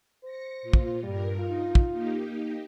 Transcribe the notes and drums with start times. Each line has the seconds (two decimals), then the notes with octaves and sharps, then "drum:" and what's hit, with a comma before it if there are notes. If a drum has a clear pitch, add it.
0.24 C5 A#6 C#7
0.62 A#2 F4
0.73 drum: kick
1.03 G2 G3 A#4
1.39 D#4 F4
1.75 drum: kick
1.92 A#3 D#4 G4